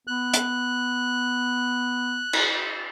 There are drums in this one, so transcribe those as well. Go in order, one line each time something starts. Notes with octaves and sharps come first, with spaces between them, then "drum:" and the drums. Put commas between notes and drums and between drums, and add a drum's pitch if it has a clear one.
B3 F#6
drum: hi-hat
drum: cymbal